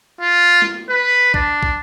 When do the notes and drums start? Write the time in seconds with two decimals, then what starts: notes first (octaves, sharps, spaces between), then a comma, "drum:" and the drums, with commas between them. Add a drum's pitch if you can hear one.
0.21 F4
0.62 drum: snare
0.90 B4
1.34 D4, drum: kick
1.63 drum: kick